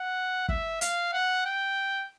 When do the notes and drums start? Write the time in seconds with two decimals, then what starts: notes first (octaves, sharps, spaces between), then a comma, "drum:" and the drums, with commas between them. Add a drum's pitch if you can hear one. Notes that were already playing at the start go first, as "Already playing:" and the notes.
Already playing: F#5
0.49 E5, drum: kick
0.81 F5, drum: hi-hat
1.13 F#5
1.45 G5